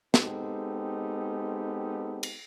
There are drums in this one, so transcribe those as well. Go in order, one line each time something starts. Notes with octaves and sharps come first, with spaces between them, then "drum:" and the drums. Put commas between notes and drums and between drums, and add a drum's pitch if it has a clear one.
G#3 B3 C4 D#4 G4 A4, drum: snare
drum: cymbal